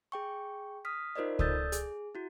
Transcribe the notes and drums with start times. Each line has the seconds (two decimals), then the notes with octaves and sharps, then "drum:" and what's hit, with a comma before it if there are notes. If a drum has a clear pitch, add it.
0.12 G#4 G5 C#6
0.85 D#6 F6 B6
1.16 D#4 F4 A#4 C5 D5 D#5
1.39 A4 D5 D#6 E6 G6 A6, drum: kick C#2
1.72 G#4, drum: hi-hat
2.15 E4 F#4